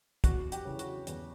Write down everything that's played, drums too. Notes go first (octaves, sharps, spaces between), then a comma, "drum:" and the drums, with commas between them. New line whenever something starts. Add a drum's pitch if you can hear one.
E2 F#4, drum: kick, hi-hat
G4, drum: hi-hat
C#3 E3
F#4, drum: hi-hat
E2, drum: hi-hat